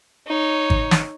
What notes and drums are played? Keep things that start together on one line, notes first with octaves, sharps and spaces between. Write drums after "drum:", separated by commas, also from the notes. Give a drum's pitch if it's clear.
D#4 C#5
drum: kick G#1
drum: snare